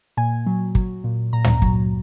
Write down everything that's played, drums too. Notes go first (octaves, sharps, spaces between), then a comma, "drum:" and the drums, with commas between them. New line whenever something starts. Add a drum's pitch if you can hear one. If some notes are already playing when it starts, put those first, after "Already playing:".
A#2 G#5
F#3
F#3, drum: kick
A#2
A#2 A#5
drum: tom
F#3, drum: kick